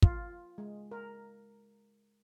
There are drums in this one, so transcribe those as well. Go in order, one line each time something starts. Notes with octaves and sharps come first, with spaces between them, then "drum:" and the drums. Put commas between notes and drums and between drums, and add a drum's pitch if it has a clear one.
F4, drum: kick
G#3
A#4